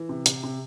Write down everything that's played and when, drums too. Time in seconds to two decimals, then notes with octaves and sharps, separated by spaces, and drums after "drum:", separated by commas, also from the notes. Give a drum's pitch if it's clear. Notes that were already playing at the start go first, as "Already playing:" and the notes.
Already playing: E3
0.09 C3
0.26 C3, drum: hi-hat
0.43 C3